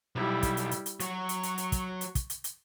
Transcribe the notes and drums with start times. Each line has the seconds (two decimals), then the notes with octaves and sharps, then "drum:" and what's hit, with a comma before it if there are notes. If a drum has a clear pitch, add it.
0.16 B1 G3 E4
0.43 drum: kick, hi-hat
0.57 drum: hi-hat
0.71 drum: hi-hat
0.86 drum: hi-hat
1.00 F#3 F#4 C#6, drum: hi-hat
1.29 drum: hi-hat
1.43 drum: hi-hat
1.58 drum: hi-hat
1.72 drum: kick, hi-hat
2.01 drum: hi-hat
2.15 drum: kick, hi-hat
2.30 drum: hi-hat
2.44 drum: hi-hat